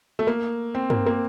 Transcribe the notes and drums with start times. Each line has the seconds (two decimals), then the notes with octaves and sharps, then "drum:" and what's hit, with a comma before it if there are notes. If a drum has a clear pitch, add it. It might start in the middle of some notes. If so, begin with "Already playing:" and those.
0.19 A3
0.27 A#3
0.75 C4
0.90 A#3, drum: tom G2
1.06 A#3